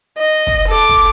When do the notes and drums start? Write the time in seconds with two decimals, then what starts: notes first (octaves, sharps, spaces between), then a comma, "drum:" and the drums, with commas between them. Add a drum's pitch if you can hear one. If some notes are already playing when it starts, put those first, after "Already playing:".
0.17 D#5
0.47 drum: kick, hi-hat
0.68 A4 D6
0.89 drum: kick